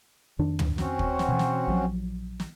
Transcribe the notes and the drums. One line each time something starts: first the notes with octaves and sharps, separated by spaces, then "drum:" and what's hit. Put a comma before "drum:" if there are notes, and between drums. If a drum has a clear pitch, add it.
F2 D#3 D4
drum: tom
C4 C#4 F#4, drum: snare
drum: kick
drum: snare
B2 E3
drum: snare
A#1 F3 F#3
drum: snare